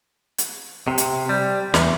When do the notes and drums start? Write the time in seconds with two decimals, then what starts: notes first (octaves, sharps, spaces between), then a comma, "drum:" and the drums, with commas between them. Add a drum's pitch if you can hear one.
0.38 drum: hi-hat
0.88 C3
0.98 drum: hi-hat
1.29 G3
1.74 E2, drum: snare